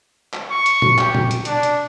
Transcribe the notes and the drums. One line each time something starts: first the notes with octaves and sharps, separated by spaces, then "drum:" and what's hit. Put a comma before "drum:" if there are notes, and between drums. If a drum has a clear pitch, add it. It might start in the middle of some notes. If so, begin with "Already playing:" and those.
drum: clap
C#6
drum: hi-hat
drum: tom A#2
G4, drum: clap
drum: tom A#2
drum: hi-hat
D4, drum: hi-hat
drum: hi-hat